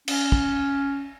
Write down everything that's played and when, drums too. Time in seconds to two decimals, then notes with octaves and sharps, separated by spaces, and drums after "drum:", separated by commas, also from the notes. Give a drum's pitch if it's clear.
0.08 C#4, drum: cymbal
0.32 drum: kick